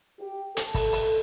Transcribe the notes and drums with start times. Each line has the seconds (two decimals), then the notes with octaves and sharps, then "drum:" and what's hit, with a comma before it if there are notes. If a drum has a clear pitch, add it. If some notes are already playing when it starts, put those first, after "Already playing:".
0.19 G4
0.57 A4, drum: hi-hat
0.74 drum: kick, open hi-hat
0.92 drum: open hi-hat